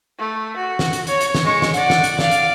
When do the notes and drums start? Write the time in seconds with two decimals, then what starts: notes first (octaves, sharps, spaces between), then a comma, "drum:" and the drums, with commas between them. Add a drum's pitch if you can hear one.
0.18 A3
0.56 F#4
0.79 drum: snare
0.93 drum: hi-hat
1.07 C#5, drum: hi-hat
1.21 drum: hi-hat
1.35 drum: snare
1.44 G#3 C#6
1.62 drum: snare
1.74 D5 F#5, drum: hi-hat
1.90 drum: snare
2.04 drum: hi-hat
2.19 D5 F5, drum: snare
2.31 drum: hi-hat